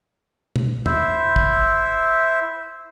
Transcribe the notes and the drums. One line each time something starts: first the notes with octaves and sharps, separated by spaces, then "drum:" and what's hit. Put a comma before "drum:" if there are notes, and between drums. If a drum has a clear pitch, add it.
drum: tom
E4 C5 E5, drum: tom
drum: kick